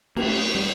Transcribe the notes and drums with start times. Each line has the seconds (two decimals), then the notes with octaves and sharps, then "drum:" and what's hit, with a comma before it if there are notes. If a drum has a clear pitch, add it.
0.16 A#3, drum: cymbal
0.23 A3
0.55 G3